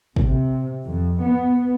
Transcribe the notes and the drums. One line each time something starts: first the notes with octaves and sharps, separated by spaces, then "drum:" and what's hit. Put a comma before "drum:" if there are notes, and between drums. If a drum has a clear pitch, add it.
C3, drum: kick
F2
B3